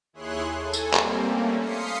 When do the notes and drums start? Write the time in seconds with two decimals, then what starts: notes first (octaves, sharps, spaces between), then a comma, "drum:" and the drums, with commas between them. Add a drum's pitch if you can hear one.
0.13 D#2 E4 G#4 C#5 C6 F#6
0.56 A4 G#5
0.73 drum: tambourine
0.93 G3 A#3 C4, drum: clap
1.26 A3 A#3 C#4
1.60 F5 C6 D#6 B6 C#7